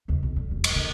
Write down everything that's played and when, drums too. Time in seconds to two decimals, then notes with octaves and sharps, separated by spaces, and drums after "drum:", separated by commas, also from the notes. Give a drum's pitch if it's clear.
0.08 D#2 C#3
0.23 B1
0.36 D3
0.51 E1
0.64 F3, drum: cymbal
0.76 D3 D4